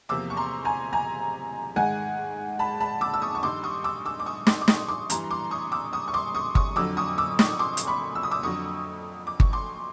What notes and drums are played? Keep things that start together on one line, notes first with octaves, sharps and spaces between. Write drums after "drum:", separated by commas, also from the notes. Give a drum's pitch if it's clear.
E2 C3 F3 A#3 D6 E6
C#6
A#5 C6
G#5 A#5
G#5 A#5
G#2 D#3 G#3 F#5 G#5
A5 B5
A5 B5
D6 E6
E6
C#6 D#6
C#6
G2 D#3 G3 C6 D6
C#6 D#6
D6 E6
D6 E6
D6
C#6 D#6
C6 D6, drum: snare
D6
C#6 D#6, drum: snare
C6 D6
G2 E3 G3 A#5 C6, drum: hi-hat
C6 D6
C#6 D#6
D6 E6
C#6 D#6
C#6
C6 D6
C#6 D#6
C#6 D#6, drum: kick G1
F2 D3 F#3 D6 E6
C#6 D#6
D6 E6
C#6 D#6, drum: snare
C6 D6
drum: hi-hat
B5 C#6
E6
D#6
D6 E6
F2 D3 F#3 C#6 D#6
D6
C#6, drum: kick G1
C6 D6